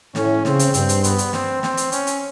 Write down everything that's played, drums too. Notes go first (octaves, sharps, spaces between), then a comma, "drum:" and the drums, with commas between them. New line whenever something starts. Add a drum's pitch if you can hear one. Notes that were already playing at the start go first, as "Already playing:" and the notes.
A2 C#4, drum: snare
C#3 C4, drum: snare
drum: hi-hat
G2 C4, drum: hi-hat
drum: hi-hat
B3, drum: hi-hat
drum: hi-hat
C4, drum: snare
C4, drum: snare
drum: hi-hat
C#4, drum: hi-hat
drum: hi-hat